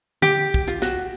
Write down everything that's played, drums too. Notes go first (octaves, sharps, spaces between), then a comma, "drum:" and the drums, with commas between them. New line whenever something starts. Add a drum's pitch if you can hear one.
G4, drum: tom D3
drum: kick
F4, drum: hi-hat
F#4, drum: snare